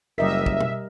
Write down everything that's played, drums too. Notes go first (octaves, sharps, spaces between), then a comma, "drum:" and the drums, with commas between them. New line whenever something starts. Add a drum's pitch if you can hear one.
F#1 G3 A#4 D#5 E5 B6
drum: kick
drum: tom B2